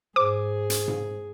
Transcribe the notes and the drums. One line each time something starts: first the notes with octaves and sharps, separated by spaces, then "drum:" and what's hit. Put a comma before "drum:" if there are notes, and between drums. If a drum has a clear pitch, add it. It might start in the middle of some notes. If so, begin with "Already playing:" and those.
G#2 G#4 C5 D6
drum: hi-hat
drum: tom G#2